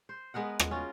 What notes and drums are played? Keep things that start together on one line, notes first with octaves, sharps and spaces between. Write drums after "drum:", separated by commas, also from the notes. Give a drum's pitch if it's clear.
C5
G#3 B3 A#4 F#5
drum: rim click
C#4 F4 F#4 A#4